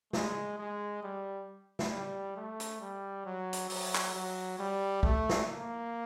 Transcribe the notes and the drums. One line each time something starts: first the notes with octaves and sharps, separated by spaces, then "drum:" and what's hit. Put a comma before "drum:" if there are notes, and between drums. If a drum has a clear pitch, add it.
G#3, drum: snare
G#3
G3
drum: snare
G3
A3
drum: hi-hat
G3
F#3
drum: hi-hat
F#3, drum: open hi-hat
drum: clap
F#3
G3
A3, drum: kick
drum: snare
A#3